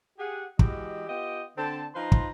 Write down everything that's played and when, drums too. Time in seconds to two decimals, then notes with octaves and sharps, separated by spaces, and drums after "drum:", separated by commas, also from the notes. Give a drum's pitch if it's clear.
0.19 G4 G#4 F#5
0.59 E3 G#3 F#4 G4 D#5, drum: kick
1.08 B3 F4 G4 D#5 G5
1.58 D3 C4 A5
1.95 F3 D#4 B4 C5 A#5 C6
2.12 drum: kick